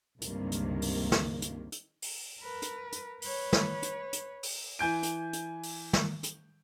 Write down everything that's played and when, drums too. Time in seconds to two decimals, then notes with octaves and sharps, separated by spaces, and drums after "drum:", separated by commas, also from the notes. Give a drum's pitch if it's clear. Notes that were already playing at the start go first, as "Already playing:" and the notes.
0.22 C#2 G2 C3 D#3 A#3, drum: hi-hat
0.52 drum: hi-hat
0.82 drum: open hi-hat
1.12 drum: snare
1.42 drum: hi-hat
1.72 drum: hi-hat
2.02 drum: open hi-hat
2.41 A#4 B4
2.62 drum: hi-hat
2.92 drum: hi-hat
3.22 B4 C#5, drum: open hi-hat
3.53 drum: snare
3.83 drum: hi-hat
4.13 drum: hi-hat
4.43 drum: open hi-hat
4.79 E3 G#5 G6 D7
5.03 drum: hi-hat
5.33 drum: hi-hat
5.63 drum: open hi-hat
5.93 drum: snare
6.23 drum: hi-hat